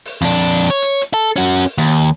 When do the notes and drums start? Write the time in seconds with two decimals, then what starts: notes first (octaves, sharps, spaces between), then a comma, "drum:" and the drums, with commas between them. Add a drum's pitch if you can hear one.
0.05 drum: open hi-hat
0.21 F2 D4
0.44 drum: hi-hat
0.70 C#5
0.82 drum: hi-hat
1.01 drum: hi-hat
1.14 A4
1.36 C#4 F#4
1.59 drum: open hi-hat
1.78 D#2, drum: hi-hat
1.97 drum: hi-hat